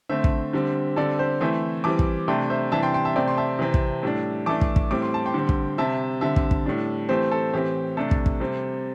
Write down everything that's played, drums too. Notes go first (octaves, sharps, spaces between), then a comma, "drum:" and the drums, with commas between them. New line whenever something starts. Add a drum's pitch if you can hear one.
D3 A3 C4 C5 E5
drum: kick
D3 G3 C4
D3 G3 C4 A4 D5
G4 C5
E3 A3 C4 C5 E5
E3 G3 C4 A5 D6
drum: kick
C3 A3 D4 G5 C6
C5 E5
C3 E3 G3 D4 E5 A5
G5 C6
G5 C6
E5 A5
C3 A3 C4 D5 G5
C6
E5 A5
C3 E3 C4
drum: kick
A2 G3 D4
E3 A3 D4 A5 D6
drum: kick
drum: kick
A2 G3 C4 D6
C6
A5
G5 C6
D3 G3 C4
drum: kick
C3 G3 C4 E5 A5
D3 G3 C4 E5 A5
drum: kick
drum: kick
A2 G3 D4
E3 A3 C4 G4 C5
A4
A2 E3 C4 G4
C3 A3 D4 A4
drum: kick
drum: kick
C3 G3 C4